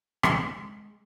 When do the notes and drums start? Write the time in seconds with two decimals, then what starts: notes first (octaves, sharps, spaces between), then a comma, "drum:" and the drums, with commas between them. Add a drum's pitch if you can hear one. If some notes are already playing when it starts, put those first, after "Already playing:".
0.23 G#3, drum: rim click